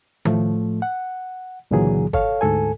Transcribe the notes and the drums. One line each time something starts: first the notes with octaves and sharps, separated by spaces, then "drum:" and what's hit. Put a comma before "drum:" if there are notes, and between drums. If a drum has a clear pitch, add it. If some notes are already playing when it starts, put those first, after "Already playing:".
A2 F3 A3, drum: tom D#3
F#5
C#2 A#2 D3 E3 F#3 G#4
A4 C#5 F5, drum: kick
D2 G#2 A4 G#5